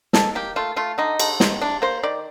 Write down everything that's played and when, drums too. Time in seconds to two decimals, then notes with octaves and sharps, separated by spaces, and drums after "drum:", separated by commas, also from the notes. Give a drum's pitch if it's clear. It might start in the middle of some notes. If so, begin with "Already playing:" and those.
0.13 D#3 A4, drum: snare
0.35 A#3 G4
0.56 A3 F4
0.76 A3 F4
0.98 D3 D#4
1.20 D3, drum: cymbal
1.40 D#3 C4, drum: snare
1.61 C3 D4
1.82 A#3 C5
2.03 D#3 D5